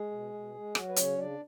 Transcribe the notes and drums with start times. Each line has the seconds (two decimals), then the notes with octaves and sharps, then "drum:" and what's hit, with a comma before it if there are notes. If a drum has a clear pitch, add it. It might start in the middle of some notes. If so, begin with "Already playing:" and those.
Already playing: G#3 G#4
0.11 B2
0.33 B2
0.54 G#3
0.75 F#3 F#4, drum: rim click
0.89 B4
0.96 C#3 C#4 C#5, drum: hi-hat
1.18 C#3 D4 D5